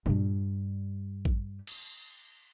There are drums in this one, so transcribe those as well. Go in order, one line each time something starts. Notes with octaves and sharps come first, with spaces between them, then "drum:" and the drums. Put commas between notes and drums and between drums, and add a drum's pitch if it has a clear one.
G2 G3, drum: tom A#2
drum: kick A1
drum: cymbal